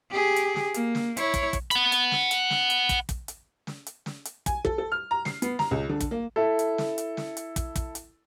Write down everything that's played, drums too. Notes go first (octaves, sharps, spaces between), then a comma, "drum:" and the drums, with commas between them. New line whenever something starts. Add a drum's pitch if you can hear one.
G4 G#4
drum: hi-hat
drum: snare
A#3, drum: hi-hat
drum: snare
E4 C#5, drum: hi-hat
drum: kick, hi-hat
drum: kick, hi-hat
F#5 B5, drum: hi-hat
drum: hi-hat
drum: snare
drum: hi-hat
drum: snare
drum: hi-hat
drum: kick, hi-hat
drum: kick, hi-hat
drum: hi-hat
drum: snare
drum: hi-hat
drum: snare
drum: hi-hat
G#5, drum: kick, hi-hat
A4, drum: kick
A4
F6
A#5
C7, drum: snare
B3, drum: hi-hat
A#5, drum: snare
C#2
D3
drum: kick, hi-hat
A#3
E4 A4
drum: hi-hat
drum: snare
drum: hi-hat
drum: snare
drum: hi-hat
drum: kick, hi-hat
drum: kick, hi-hat
drum: hi-hat